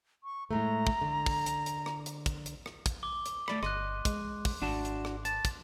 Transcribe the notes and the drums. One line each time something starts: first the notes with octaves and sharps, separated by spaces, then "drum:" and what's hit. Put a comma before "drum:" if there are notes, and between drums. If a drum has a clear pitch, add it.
C#6
A2 G#3 A3 A#5
drum: kick
D3
drum: kick, open hi-hat
drum: hi-hat
drum: hi-hat
drum: rim click
drum: hi-hat
drum: kick, hi-hat
drum: hi-hat
drum: rim click
drum: kick, hi-hat
D6 G7
drum: hi-hat
A3 D5 B5, drum: rim click
G1 D#5 C6 F#6, drum: rim click
G#3, drum: kick, hi-hat
drum: kick, open hi-hat
G#1 D4 F#4 A5
drum: hi-hat
drum: rim click
A5, drum: hi-hat
drum: kick, hi-hat